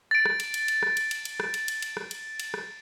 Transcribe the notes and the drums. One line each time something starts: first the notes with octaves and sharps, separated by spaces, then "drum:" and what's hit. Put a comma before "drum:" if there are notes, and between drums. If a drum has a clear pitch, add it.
A6 D7
drum: rim click
drum: cymbal
drum: cymbal
drum: cymbal
drum: rim click
drum: cymbal
drum: cymbal
drum: cymbal
drum: rim click
drum: cymbal
drum: cymbal
drum: cymbal
drum: rim click
drum: cymbal
drum: cymbal
drum: rim click